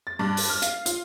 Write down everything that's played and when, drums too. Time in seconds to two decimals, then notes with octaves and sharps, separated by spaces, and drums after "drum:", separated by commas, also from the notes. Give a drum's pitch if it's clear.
0.07 A6
0.19 G2
0.37 drum: open hi-hat
0.50 F6
0.62 F5, drum: hi-hat
0.86 F4, drum: hi-hat